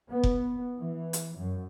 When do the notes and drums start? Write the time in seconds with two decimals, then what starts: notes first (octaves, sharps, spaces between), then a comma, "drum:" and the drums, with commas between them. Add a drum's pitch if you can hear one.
0.11 B3
0.23 drum: kick F1
0.78 E3
1.13 drum: hi-hat
1.38 F#2